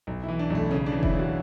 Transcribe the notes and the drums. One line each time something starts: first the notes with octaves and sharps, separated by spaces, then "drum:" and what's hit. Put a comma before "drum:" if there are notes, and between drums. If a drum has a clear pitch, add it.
B1
E4
E3
D4
B1
A3
C#3 C#4
D4
E3
E4, drum: kick F1
C#3
F#4